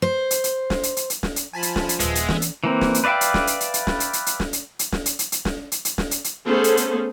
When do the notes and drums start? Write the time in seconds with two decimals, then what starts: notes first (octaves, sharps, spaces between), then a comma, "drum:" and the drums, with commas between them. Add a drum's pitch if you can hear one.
0.02 C5
0.31 drum: hi-hat
0.44 drum: hi-hat
0.70 drum: snare
0.83 drum: hi-hat
0.97 drum: hi-hat
1.10 drum: hi-hat
1.23 drum: snare
1.36 drum: hi-hat
1.53 F3 G#5 A5 B5
1.63 drum: hi-hat
1.76 drum: snare
1.89 drum: hi-hat
2.00 D#1 G#1 G#3 B3 E5, drum: hi-hat
2.15 drum: hi-hat
2.29 E3 A#3, drum: snare
2.42 drum: hi-hat
2.64 E3 A#3 C4
2.81 drum: snare
2.94 drum: hi-hat
3.04 B4 D5 E5 F5 G5
3.21 drum: hi-hat
3.34 drum: snare
3.47 drum: hi-hat
3.60 drum: hi-hat
3.74 drum: hi-hat
3.87 drum: snare
4.00 drum: hi-hat
4.13 drum: hi-hat
4.26 drum: hi-hat
4.40 drum: snare
4.53 drum: hi-hat
4.79 drum: hi-hat
4.92 drum: snare
5.06 drum: hi-hat
5.19 drum: hi-hat
5.32 drum: hi-hat
5.45 drum: snare
5.72 drum: hi-hat
5.85 drum: hi-hat
5.98 drum: snare
6.11 drum: hi-hat
6.24 drum: hi-hat
6.46 A3 B3 C#4 G#4 A4 C5
6.64 drum: hi-hat
6.77 drum: hi-hat